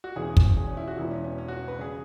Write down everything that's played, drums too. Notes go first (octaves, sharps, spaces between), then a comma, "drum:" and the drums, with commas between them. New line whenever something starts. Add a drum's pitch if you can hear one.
F#4
E1 E2 C#3 E3 G#4
drum: kick
G#4
C#4
E4
F#4
E1 E2 E3 E4
C#4
C#4
C#4
F#4
B4
C#3 G#4